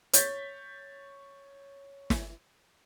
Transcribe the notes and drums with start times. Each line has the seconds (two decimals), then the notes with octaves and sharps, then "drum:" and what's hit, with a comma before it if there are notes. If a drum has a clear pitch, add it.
0.13 C#5 G6 A6 B6, drum: hi-hat
2.10 drum: snare